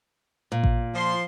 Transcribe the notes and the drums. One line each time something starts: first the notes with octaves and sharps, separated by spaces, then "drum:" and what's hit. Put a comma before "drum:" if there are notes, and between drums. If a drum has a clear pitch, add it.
A#2
drum: kick A1
F3 C6